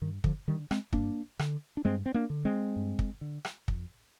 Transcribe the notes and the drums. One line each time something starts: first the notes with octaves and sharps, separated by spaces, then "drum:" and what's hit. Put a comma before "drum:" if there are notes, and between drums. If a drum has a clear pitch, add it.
G2 D#3
D3 F3, drum: kick
D3 D#3 G3
G#3 C4, drum: rim click
G2 A#3 D4, drum: kick
D3, drum: rim click
D4
G2 G#3 C4
C4
A#3 D4
D3
G#3 C4
G2
drum: kick
D3
drum: rim click
F2, drum: kick